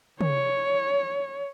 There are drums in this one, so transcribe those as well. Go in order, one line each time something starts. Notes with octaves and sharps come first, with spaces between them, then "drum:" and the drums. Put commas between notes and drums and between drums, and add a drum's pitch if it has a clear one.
C#5, drum: tom